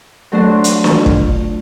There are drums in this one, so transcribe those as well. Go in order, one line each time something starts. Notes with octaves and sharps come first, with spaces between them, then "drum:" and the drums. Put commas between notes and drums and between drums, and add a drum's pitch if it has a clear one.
F#3 A3 D4 F#4 C5
drum: hi-hat
F4, drum: snare
drum: kick